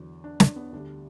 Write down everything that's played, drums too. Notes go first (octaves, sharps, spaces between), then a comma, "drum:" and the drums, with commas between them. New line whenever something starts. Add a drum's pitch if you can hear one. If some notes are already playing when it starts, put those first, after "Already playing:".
Already playing: E2 D3 F#3
D4
D4, drum: snare
B3
D2 D3 G3 D4